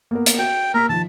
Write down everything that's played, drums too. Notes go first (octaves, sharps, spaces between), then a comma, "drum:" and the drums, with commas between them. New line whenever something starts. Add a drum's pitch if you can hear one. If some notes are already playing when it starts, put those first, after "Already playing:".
A#3 B3 A#4
drum: hi-hat
F#4 G5
A#3 A#4 E6 B6
D#3 F3 A5